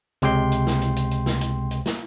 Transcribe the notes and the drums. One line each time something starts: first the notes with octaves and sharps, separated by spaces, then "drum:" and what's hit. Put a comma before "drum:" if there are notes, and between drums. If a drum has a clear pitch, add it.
C#2 C3 G#3 G5 C6, drum: hi-hat
drum: hi-hat
drum: snare
drum: hi-hat
drum: hi-hat
drum: hi-hat
drum: snare
drum: hi-hat
drum: hi-hat
drum: snare